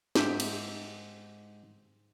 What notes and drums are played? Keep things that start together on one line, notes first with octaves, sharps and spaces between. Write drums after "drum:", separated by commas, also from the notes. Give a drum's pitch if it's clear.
G#2 G4 E5, drum: snare
drum: cymbal